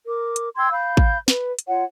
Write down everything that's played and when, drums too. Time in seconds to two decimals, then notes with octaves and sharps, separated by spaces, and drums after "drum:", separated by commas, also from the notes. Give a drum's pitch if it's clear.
0.06 A#4 D6
0.36 drum: hi-hat
0.56 G5 C6 E6 G#6
0.72 F5 B5 G6
0.97 drum: kick A1
1.28 B4, drum: snare
1.59 drum: hi-hat
1.68 F4 C#5 F#5